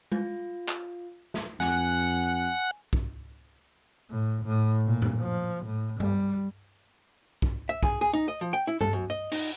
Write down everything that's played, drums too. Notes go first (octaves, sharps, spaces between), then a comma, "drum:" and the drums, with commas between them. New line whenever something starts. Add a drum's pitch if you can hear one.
F4, drum: tom G#3
drum: clap
drum: snare
F2 F#5 G#5, drum: snare
drum: kick
A2
A2
A#2
drum: tom F#2
F3
A2
G3, drum: tom G2
drum: kick
E5
G#4, drum: kick
G#4
D#4
D#5
F3
G5
E4
A4, drum: tom G2
F#2
D#5
D#4, drum: cymbal